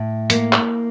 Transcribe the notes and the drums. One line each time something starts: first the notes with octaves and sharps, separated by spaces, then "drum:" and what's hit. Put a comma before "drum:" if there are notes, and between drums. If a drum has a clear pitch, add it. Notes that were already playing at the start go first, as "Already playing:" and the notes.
Already playing: A2
A#3, drum: hi-hat
drum: clap